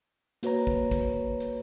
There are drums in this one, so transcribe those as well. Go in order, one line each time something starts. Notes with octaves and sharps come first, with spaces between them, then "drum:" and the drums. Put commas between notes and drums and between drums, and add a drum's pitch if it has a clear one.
A#3 F#4 B4 C#5 A#5, drum: hi-hat
drum: kick
drum: kick, hi-hat
drum: hi-hat